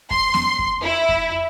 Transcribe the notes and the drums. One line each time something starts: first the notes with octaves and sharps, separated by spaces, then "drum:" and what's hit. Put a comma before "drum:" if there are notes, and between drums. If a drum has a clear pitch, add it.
C6, drum: kick F2
drum: snare B3
drum: kick F2
E4
drum: kick F2